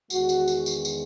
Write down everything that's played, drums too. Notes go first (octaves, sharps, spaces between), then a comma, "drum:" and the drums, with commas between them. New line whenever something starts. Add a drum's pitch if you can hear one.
E2 D#3 G#3 F#4, drum: tambourine
drum: tambourine
drum: tambourine
drum: tambourine
drum: tambourine